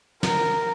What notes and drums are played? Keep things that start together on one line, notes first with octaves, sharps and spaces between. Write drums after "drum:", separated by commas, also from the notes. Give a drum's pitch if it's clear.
A#4, drum: snare